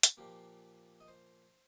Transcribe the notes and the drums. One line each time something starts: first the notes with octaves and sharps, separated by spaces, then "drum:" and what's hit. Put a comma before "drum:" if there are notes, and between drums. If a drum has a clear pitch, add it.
drum: hi-hat
A#2 F3 A#3 G4
D#5
C5